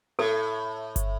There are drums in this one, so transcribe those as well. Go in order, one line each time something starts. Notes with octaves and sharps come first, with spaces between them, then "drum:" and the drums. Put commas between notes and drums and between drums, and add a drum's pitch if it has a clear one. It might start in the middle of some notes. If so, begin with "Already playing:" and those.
A2 A4
drum: kick G1, hi-hat